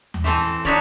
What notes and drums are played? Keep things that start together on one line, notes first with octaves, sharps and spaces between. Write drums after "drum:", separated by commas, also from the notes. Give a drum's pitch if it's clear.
drum: tom D#2
E3 A3 C4 A4
D4 D#4 F#4 B4 C#5 D5, drum: kick